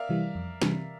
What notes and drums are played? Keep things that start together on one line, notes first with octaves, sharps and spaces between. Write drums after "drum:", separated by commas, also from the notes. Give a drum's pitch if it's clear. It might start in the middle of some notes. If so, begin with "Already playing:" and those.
Already playing: A#4 D5 E5 F5
C3 E3 G3
F2
C3 E3 G3, drum: snare